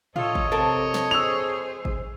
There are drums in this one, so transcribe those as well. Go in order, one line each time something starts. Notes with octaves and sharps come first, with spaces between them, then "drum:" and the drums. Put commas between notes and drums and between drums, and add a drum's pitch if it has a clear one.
F4 A4 C#5 D#5, drum: tom A2
drum: kick G#1
F2 C3 A4 A#4
drum: snare
G#4 C5 E6 F7
drum: kick G#1